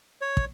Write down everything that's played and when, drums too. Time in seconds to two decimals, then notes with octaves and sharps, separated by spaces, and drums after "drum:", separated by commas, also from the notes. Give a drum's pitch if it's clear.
0.21 C#5
0.37 drum: kick